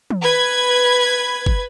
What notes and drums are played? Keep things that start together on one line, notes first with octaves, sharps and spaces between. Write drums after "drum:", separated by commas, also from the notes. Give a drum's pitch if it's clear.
drum: tom
B4 G#6
drum: kick